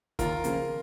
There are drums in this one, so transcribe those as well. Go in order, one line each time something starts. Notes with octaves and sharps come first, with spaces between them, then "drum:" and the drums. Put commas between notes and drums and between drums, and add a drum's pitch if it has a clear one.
D#2 F4 A#4, drum: kick, hi-hat
C#3 F3 A#3, drum: hi-hat